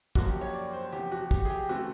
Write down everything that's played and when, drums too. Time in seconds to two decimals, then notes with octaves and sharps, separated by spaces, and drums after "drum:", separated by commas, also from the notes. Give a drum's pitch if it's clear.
0.15 F#2 D3 F3 A#3 F#4, drum: kick
0.29 G4
0.41 C#5
0.54 D5
0.73 C5
0.92 E2 C3 F3 G4
1.12 F#4
1.31 G4, drum: kick
1.45 G#4
1.50 G4
1.69 C#3 E3 A3 C4 F#4